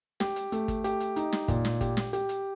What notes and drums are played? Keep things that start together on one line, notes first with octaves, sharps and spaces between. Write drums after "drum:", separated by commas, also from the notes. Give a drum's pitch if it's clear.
G4, drum: snare
drum: hi-hat
A3, drum: hi-hat
drum: kick, hi-hat
G4, drum: hi-hat
drum: hi-hat
D#4, drum: hi-hat
drum: snare
A#2, drum: kick, hi-hat
drum: snare
G4, drum: kick, hi-hat
drum: snare
G4, drum: hi-hat
drum: hi-hat